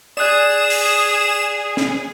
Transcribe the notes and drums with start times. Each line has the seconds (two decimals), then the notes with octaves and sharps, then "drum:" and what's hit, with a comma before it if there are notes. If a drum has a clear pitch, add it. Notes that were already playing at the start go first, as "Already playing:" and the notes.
0.17 G#4 D5 D#6 F#6 E7
0.70 drum: open hi-hat
1.77 drum: snare